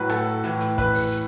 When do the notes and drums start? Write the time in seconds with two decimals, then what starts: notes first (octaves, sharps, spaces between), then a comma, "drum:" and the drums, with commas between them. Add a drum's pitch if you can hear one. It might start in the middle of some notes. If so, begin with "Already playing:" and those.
Already playing: A2 F#3 B4
0.09 A4, drum: rim click
0.44 A2 E3, drum: hi-hat
0.60 drum: hi-hat
0.78 B4, drum: kick, hi-hat
0.94 drum: open hi-hat
1.11 drum: hi-hat